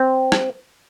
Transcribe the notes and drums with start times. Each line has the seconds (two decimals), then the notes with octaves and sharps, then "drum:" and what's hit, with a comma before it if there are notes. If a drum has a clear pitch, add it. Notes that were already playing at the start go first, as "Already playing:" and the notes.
Already playing: C4
0.32 drum: rim click